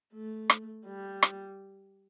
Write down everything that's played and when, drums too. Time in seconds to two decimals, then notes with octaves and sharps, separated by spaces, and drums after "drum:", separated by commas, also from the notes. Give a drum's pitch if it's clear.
0.14 A3
0.50 drum: rim click
0.86 G3
1.23 drum: rim click